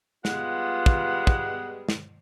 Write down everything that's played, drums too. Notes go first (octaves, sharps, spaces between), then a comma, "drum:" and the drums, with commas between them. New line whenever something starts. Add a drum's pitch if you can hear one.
G3 G#3 B3 F4 F#5, drum: snare
drum: kick
drum: kick
drum: snare